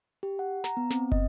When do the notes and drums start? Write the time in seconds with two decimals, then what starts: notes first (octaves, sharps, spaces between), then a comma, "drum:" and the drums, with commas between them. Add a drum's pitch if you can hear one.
0.23 G4
0.39 F#5
0.64 A#5, drum: snare
0.77 B3
0.90 C4, drum: snare
1.12 D#5, drum: kick